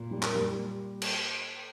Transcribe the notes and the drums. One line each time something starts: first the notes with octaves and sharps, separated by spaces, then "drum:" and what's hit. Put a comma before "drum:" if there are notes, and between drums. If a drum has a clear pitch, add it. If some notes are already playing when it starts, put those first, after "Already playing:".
Already playing: A#2
G3
A#3, drum: clap
G3
drum: cymbal